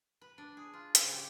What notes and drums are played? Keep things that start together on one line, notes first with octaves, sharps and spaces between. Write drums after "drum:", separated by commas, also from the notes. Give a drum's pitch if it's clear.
B4
D4
G#4
F4
C#3, drum: hi-hat
G4